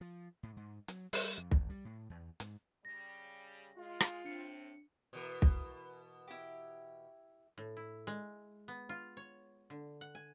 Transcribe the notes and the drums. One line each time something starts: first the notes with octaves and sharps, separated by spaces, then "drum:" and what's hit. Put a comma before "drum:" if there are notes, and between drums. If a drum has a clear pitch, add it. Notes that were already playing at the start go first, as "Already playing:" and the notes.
F3
A2
G#2
F#3, drum: hi-hat
G3, drum: open hi-hat
F2
G#1, drum: kick
G3
A2
E2
G#2, drum: hi-hat
C#3 G3 A#6
G#3 F4
drum: rim click
A2 C4 D4 C#7
B2 E3 A#4
drum: kick
E4 G4
A2
E4
G#3
B3
F4
C#5
D3
F#5
G#5